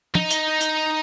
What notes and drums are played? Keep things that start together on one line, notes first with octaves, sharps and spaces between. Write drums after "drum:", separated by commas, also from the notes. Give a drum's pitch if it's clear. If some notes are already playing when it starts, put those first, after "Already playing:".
D#4, drum: tom
drum: hi-hat
drum: hi-hat